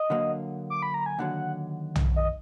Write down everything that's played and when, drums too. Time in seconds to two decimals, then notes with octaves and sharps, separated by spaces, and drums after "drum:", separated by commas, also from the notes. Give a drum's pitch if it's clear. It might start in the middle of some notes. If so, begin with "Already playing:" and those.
Already playing: D#5
0.10 D3 F#3 A#3
0.70 D6
0.82 B5
0.94 A#5
1.06 G#5
1.19 D#2 D3 F#3 F#5
1.96 drum: tom B1
2.16 D#5